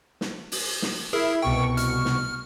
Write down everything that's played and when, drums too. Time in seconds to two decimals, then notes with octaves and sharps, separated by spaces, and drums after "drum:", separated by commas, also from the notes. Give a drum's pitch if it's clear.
0.21 drum: snare
0.52 drum: open hi-hat
0.82 drum: snare
1.13 E4 G#4 A#4
1.42 C2 B2 G5 C#6
1.77 F6, drum: hi-hat
2.05 drum: snare